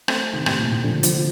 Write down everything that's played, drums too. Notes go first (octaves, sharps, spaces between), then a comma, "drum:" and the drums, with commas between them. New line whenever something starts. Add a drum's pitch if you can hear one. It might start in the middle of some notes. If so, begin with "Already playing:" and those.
A3 C4, drum: rim click
C3 D#3
A2 C3, drum: rim click
A#2
A2
D3 F3
D3 F3, drum: hi-hat